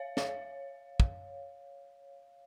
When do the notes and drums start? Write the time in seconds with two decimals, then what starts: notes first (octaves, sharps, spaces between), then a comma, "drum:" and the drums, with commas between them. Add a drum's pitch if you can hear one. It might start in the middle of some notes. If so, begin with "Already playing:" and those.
Already playing: C#5 F5
0.17 C#5 F5, drum: snare D5
1.00 drum: kick